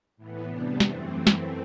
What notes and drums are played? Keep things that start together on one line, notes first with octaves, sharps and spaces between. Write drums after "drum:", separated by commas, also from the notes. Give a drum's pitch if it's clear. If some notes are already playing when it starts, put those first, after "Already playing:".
A2 E3 B3
E2 C3 G3 B3 D4
F#2 E3 A3 C4, drum: snare
drum: snare